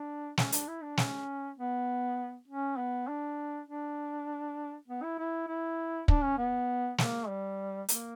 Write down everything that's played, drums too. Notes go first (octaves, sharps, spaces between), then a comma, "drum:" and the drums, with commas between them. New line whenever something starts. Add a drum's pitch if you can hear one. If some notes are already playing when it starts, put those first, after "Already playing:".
Already playing: D4
C#4, drum: snare
D4, drum: hi-hat
E4
D4
C#4, drum: snare
B3
C#4
B3
D4
D4
B3
E4
E4
E4
D4, drum: kick
C#4
B3
A#3, drum: snare
G3
A#3, drum: hi-hat